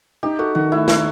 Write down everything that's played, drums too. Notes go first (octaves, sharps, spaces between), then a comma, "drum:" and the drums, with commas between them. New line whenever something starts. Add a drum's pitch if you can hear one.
D#4 G4
F#4 A4
D#3 F#4
A3 E4
D#4 E4, drum: snare